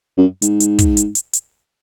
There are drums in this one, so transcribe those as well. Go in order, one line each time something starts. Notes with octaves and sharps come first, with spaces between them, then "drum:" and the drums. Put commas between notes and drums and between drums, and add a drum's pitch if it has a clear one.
F#2
G#2, drum: hi-hat
drum: hi-hat
drum: kick, hi-hat
drum: hi-hat
drum: hi-hat
drum: hi-hat